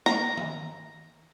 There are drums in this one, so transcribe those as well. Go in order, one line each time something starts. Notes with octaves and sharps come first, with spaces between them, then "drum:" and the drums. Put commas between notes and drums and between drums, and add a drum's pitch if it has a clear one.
A#5, drum: snare
drum: tom D#3